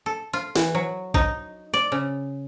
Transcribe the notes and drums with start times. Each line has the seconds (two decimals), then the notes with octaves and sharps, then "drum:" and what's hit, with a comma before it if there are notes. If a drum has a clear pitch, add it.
0.06 A4
0.33 F4
0.55 E3, drum: snare
0.75 F#3
1.14 D#4, drum: kick
1.74 D5
1.92 C#3